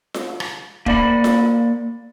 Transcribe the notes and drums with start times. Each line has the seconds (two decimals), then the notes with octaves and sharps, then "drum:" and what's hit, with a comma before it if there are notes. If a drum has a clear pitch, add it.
0.14 drum: snare F4
0.40 drum: rim click
0.86 A#3 D5 B5, drum: kick
1.24 drum: snare F4